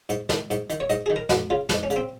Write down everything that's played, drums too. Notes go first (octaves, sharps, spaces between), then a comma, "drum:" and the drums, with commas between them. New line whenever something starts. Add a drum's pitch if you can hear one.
G#2, drum: hi-hat
D#3, drum: snare
G#2, drum: hi-hat
D#3, drum: hi-hat
C#5
G#2 D#5, drum: hi-hat
D#3 G#4
A#4
F2 F#4, drum: snare
C#3 F4
F2 D#4, drum: snare
C#4
C#3, drum: hi-hat
C4